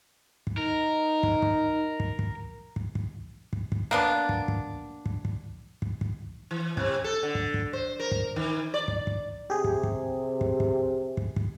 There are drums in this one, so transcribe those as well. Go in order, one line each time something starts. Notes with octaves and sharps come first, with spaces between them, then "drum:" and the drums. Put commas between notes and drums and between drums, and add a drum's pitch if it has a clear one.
drum: kick
D#4 A#4
drum: kick
drum: kick
drum: kick
drum: kick
drum: kick
drum: kick
drum: kick
drum: kick
A#3 B3 D4
drum: kick
drum: kick
drum: kick
drum: kick
drum: kick
drum: kick
E3
C3, drum: kick
A4
D3
drum: kick
drum: kick
C5
A#4
drum: kick
D#3
D5
drum: kick
drum: kick
C3 G4 G#4
drum: kick
drum: kick
drum: kick
drum: kick
drum: kick
drum: kick